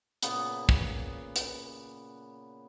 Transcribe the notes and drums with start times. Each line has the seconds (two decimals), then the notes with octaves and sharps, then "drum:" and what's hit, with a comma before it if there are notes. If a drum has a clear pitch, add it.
0.23 A#2 C#3 B3, drum: hi-hat
0.69 drum: kick
1.36 drum: hi-hat